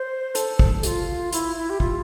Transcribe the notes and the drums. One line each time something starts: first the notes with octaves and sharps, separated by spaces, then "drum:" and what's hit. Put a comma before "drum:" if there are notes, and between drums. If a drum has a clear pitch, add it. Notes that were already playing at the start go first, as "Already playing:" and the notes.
Already playing: C5
A4, drum: hi-hat
drum: kick
G4, drum: hi-hat
F4
E4, drum: hi-hat
E4
G4
F4, drum: kick